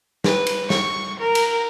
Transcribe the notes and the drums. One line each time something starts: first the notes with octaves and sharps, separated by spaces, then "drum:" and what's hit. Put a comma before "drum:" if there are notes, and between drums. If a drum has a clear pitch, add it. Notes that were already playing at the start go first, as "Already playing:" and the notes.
B4, drum: snare
drum: cymbal
C#6, drum: snare
A#4
drum: cymbal